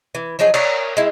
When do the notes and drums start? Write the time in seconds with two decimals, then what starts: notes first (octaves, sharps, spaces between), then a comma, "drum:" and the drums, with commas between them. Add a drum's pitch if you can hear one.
0.15 E3
0.39 F3 F#3 D#4 G#4
0.54 A#4 C#5 D5, drum: cymbal
0.97 G#3 E4